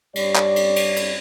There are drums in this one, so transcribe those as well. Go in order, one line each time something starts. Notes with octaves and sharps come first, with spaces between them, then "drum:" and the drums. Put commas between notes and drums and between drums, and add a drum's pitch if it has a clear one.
G2 G3 C#5 D5, drum: cymbal
drum: clap
drum: cymbal
drum: cymbal
drum: cymbal